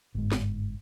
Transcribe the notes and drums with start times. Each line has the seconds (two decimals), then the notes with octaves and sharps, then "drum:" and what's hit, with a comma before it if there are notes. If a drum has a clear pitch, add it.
0.15 G1 G#2
0.32 drum: snare